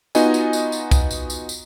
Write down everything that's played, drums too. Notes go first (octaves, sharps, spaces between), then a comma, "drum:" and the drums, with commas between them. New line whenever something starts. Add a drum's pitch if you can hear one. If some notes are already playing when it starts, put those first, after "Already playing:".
B3 D#4 F4 F#4 D#5 G#5, drum: tambourine
drum: tambourine
drum: tambourine
drum: tambourine
drum: kick, tambourine
drum: tambourine
drum: tambourine
drum: tambourine